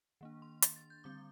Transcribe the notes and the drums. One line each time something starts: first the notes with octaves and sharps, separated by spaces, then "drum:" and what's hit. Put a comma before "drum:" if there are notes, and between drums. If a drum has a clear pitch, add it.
D#3 A#3 D4
C6
A6, drum: hi-hat
A6
G6
D3 G3 C4 D6